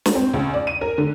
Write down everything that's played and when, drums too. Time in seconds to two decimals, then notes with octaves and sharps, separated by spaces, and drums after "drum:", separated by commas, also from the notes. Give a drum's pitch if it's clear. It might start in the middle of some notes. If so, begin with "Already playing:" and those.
0.06 drum: snare
0.15 C4
0.33 C#2
0.54 D5
0.67 D#7
0.81 A#4
0.98 D3